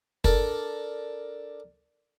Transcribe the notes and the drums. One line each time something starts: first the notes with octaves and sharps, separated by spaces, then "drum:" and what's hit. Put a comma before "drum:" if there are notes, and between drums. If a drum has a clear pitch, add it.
D4 A4 A#4 D5, drum: kick